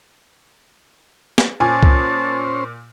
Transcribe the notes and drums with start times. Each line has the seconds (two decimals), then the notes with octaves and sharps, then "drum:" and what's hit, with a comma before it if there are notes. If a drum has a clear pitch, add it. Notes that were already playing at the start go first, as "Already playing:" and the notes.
1.38 drum: snare
1.60 A#2 C#4 C5 G#5 A5
1.83 drum: kick C2